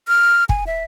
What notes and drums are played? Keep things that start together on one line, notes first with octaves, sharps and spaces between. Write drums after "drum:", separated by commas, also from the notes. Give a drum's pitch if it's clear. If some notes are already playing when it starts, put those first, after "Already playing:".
F6
G#5, drum: kick
E5